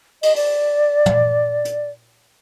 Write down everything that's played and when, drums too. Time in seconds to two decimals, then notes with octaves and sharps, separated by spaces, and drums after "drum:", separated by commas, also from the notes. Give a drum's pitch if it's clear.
0.23 D#5, drum: cymbal
0.36 D5, drum: open hi-hat
1.06 drum: tom
1.65 drum: hi-hat